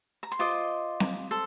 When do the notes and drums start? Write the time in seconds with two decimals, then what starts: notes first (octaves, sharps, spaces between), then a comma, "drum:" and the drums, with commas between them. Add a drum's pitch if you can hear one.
0.23 A#5
0.32 C6
0.39 F4 C5 D#5 D6
1.00 drum: snare C4
1.31 A4 C5